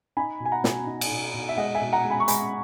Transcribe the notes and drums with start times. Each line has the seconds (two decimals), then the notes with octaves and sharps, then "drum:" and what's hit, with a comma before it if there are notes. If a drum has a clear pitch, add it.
0.17 D#4 G#5 B5
0.40 B2
0.45 G#5
0.52 F#5 A#5
0.64 B2, drum: snare
0.87 D#4
1.01 drum: cymbal
1.11 B2
1.34 B2
1.49 E5
1.57 G#3 D#5 F#5
1.75 E5 G#5
1.81 B2
1.93 F#5 A#5
2.05 G#3
2.10 G#5 B5
2.20 C#6
2.28 G#3 G#5 B5, drum: hi-hat